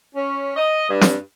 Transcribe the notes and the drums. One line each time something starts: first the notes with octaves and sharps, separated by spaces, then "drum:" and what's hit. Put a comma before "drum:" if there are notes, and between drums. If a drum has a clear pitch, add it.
C#4
D#5
G2
drum: snare